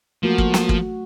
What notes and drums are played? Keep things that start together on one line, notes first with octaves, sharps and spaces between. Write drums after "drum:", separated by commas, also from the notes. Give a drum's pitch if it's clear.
F3 A3 A#3 F#4
drum: kick
drum: snare
drum: kick